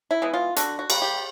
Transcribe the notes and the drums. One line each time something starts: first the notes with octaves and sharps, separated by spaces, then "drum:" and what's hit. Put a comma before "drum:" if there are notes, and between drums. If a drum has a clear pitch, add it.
E4
E3 G#3 B3
F4
D3 F#4, drum: hi-hat
F#4
G3 A#3, drum: cymbal
G4